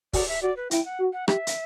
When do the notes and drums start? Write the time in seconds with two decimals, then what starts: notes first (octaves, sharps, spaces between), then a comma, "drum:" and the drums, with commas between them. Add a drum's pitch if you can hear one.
0.13 F#4 D5, drum: kick, open hi-hat
0.28 E5
0.42 F#4 D5
0.57 B4
0.71 E4 G5, drum: hi-hat
0.85 F#5
1.00 F#4
1.13 F#5
1.28 G4 E5, drum: rim click
1.47 drum: hi-hat